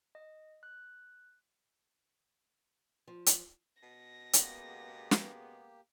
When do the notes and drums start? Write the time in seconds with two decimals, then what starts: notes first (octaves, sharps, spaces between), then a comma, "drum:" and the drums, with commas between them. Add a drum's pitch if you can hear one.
0.15 D#5
0.63 F#6
3.07 F3
3.26 drum: hi-hat
3.82 B2 A#6
4.33 C#3 G#3 A#3 B3 G4, drum: hi-hat
5.11 drum: snare